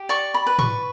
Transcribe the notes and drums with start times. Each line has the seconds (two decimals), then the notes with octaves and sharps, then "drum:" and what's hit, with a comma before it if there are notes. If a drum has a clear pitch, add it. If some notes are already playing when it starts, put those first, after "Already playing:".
Already playing: G4
0.09 D5 C#6
0.34 B5
0.47 B4
0.59 C#6, drum: tom